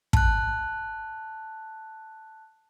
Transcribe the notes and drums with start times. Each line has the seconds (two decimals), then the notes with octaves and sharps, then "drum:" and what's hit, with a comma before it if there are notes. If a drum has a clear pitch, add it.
0.13 A5 F#6, drum: kick